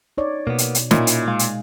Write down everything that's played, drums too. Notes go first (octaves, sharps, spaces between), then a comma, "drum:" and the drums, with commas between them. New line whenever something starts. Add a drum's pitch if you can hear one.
D#4 C#5 D5
B2 A#3 B3
drum: hi-hat
drum: hi-hat
A#2 C#4 D#4 E4 D#5, drum: snare
drum: hi-hat
G#3 F5
drum: hi-hat